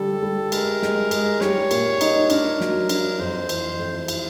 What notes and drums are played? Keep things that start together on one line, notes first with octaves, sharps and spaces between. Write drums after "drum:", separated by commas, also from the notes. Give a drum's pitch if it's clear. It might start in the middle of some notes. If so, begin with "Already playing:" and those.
Already playing: D3 G3 A4
G3
G#3 A#4, drum: cymbal
G#3, drum: snare
G#3, drum: cymbal
G3 C#5, drum: snare
A#2, drum: cymbal
D#4, drum: cymbal
D4 A#4, drum: cymbal
F#3, drum: snare
D4, drum: cymbal
F2 C5
E3, drum: cymbal
F2
E4, drum: cymbal